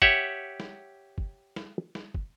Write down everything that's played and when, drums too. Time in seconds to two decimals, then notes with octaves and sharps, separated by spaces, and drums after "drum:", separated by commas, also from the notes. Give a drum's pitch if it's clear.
0.02 G4 C#5 E5 F#5, drum: kick
0.60 drum: snare
1.18 drum: kick
1.56 drum: snare
1.95 drum: snare
2.14 drum: kick